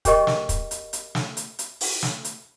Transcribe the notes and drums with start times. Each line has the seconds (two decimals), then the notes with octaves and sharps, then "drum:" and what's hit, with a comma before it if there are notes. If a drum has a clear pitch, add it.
0.05 C#4 G4 G#4 A#4 D#5 C#6, drum: kick, hi-hat
0.27 drum: snare
0.49 drum: kick, hi-hat
0.71 drum: hi-hat
0.93 drum: hi-hat
1.15 drum: snare
1.37 drum: hi-hat
1.59 drum: hi-hat
1.81 drum: open hi-hat
2.03 drum: snare
2.24 drum: hi-hat